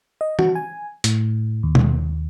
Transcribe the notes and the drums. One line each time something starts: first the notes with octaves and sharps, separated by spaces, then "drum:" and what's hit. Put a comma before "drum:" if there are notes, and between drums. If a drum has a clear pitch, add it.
D#5
F#4, drum: tom
G#5
A2, drum: hi-hat
D#2
drum: tom B2